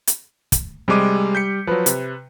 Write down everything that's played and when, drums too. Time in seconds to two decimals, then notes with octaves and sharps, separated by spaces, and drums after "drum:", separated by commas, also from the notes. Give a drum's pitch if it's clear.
0.07 drum: hi-hat
0.52 drum: kick, hi-hat
0.88 C3 G3 G#3 D6 D#7
1.35 G6 B6 C#7
1.67 F3 F#3 B4
1.86 C3, drum: hi-hat